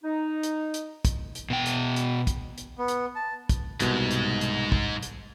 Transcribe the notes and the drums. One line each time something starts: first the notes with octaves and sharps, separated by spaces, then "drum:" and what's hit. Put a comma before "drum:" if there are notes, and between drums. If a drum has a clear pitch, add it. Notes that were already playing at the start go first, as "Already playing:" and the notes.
D#4
drum: hi-hat
drum: hi-hat
drum: kick, hi-hat
drum: hi-hat
B2 G5
drum: hi-hat
drum: hi-hat
drum: kick, hi-hat
drum: hi-hat
B3
drum: hi-hat
A5
drum: kick, hi-hat
C2 G#2 B2, drum: hi-hat
drum: hi-hat
drum: hi-hat
drum: kick
drum: hi-hat